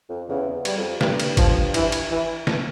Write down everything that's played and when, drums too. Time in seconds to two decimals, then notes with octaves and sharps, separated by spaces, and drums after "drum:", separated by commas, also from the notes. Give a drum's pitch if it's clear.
0.10 F2
0.29 E2 C#3
0.52 E2
0.65 G3, drum: cymbal
0.78 F2
1.01 G2 G3, drum: snare
1.20 drum: cymbal
1.37 F3, drum: kick, cymbal
1.74 E3, drum: cymbal
1.92 drum: cymbal
2.11 E3
2.47 drum: snare